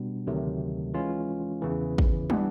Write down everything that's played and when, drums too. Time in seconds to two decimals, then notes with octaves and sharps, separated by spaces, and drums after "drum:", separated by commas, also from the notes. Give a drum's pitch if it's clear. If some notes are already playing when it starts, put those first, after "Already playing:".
Already playing: B2 G3 B3 D4
0.27 D2 C3 D#3 F#3 A3
0.94 E3 G#3 C#4 F4
1.61 E2 C#3 E3
1.98 drum: kick
2.30 E3 G3 B3 D4, drum: tom